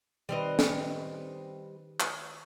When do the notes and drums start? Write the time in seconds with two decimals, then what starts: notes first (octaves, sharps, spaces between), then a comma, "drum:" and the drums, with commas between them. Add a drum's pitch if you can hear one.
0.29 D#3 G3 C4 B4 D#5
0.59 drum: snare
2.00 drum: clap